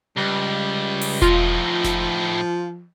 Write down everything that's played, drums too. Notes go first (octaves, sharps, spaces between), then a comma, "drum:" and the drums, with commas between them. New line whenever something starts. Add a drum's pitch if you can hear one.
C#2 G3
drum: open hi-hat
A2 F3 D#4 F4, drum: kick E1
drum: snare F1